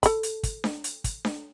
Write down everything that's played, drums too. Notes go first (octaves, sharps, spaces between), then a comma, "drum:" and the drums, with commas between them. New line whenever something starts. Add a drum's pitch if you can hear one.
A4 B5, drum: kick, hi-hat
drum: hi-hat
drum: kick, hi-hat
drum: snare D4
drum: hi-hat
drum: kick, hi-hat
drum: snare D4